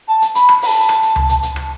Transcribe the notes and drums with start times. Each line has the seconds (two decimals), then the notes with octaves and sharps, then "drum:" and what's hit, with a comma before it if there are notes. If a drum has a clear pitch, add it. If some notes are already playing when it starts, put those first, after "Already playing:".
0.08 A5
0.22 drum: hi-hat
0.35 B5, drum: hi-hat
0.49 drum: rim click
0.62 B5, drum: open hi-hat
0.67 A5
0.89 drum: rim click
1.02 drum: hi-hat
1.16 drum: tom C#2
1.29 drum: hi-hat
1.43 drum: hi-hat
1.56 drum: rim click